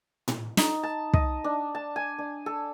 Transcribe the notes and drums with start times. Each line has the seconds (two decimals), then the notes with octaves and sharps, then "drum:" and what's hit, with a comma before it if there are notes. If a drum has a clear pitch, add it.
0.28 drum: tom A2
0.57 D#4, drum: snare
0.83 A5
1.14 D#5, drum: kick
1.44 D4
1.75 A5
1.96 G#5
2.19 D4
2.46 A4